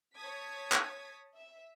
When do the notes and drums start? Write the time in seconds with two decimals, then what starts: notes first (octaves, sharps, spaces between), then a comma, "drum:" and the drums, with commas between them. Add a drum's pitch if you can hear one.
0.16 C#5 A5 D#6 G#6 B6
0.72 drum: clap
1.35 E5